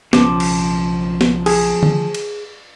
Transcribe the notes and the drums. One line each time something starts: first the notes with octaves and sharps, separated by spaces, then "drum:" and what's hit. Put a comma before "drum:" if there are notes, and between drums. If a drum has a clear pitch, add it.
B1 C#3 F3 C#4 D6, drum: snare
drum: cymbal
drum: snare
G#4, drum: cymbal
drum: tom D3
drum: cymbal